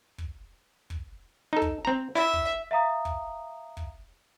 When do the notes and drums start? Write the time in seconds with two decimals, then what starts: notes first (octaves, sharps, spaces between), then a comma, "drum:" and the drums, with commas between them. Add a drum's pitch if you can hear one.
0.18 drum: kick
0.90 drum: kick
1.53 D#4 A4
1.62 drum: kick
1.85 C4 A#5
2.15 E4 E5
2.33 drum: kick
2.71 E5 F5 A#5 D#6
3.05 drum: kick
3.77 drum: kick